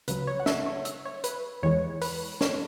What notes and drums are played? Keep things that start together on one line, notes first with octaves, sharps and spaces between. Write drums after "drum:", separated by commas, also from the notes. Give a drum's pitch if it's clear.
C#2 C#3 F#3 B4, drum: hi-hat
C#5
F#5
E5, drum: snare
C#5
E5, drum: hi-hat
C#5
B4, drum: hi-hat
E2 E3 G#3 C#5
B4, drum: open hi-hat
C#5, drum: snare